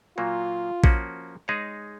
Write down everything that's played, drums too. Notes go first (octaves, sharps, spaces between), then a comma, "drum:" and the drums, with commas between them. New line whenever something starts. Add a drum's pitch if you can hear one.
A#2 F#3 A#3 F4
F3 A#3 C#4 F#4, drum: kick A#1
G#3 D#4 G#4 C#5